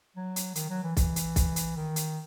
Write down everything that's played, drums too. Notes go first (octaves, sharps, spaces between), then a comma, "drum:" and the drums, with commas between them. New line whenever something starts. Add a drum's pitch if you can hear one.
F#3
drum: hi-hat
D#3, drum: hi-hat
F#3
E3
E3, drum: kick B1, hi-hat
drum: hi-hat
drum: kick B1, hi-hat
drum: hi-hat
D#3
drum: hi-hat